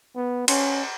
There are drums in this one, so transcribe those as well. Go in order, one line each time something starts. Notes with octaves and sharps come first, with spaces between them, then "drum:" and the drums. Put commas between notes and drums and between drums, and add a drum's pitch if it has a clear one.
B3
C#4, drum: cymbal